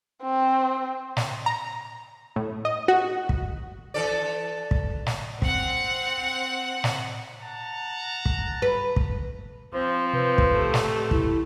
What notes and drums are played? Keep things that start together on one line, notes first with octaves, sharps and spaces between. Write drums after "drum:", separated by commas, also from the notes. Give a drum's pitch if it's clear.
C4
drum: snare
A#5
A2
D#5
F#4
drum: kick
E3 A4 D5
drum: kick
drum: snare
C4 F#5, drum: kick
drum: snare
F#5 A5 A#5
drum: kick
B4
drum: kick
F3 C4 C5
C3 B4
drum: kick
A3 G4
drum: snare
E4, drum: kick